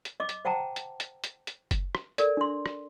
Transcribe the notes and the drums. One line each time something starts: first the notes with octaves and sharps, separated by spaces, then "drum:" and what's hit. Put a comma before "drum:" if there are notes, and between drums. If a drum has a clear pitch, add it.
drum: hi-hat
D#5 D6
drum: hi-hat
C5 F#5 G5 A5 A#5
drum: hi-hat
drum: hi-hat
drum: hi-hat
drum: hi-hat
drum: kick F#1, hi-hat
drum: rim click
A4 A#4 D5, drum: hi-hat
D4 C6
drum: rim click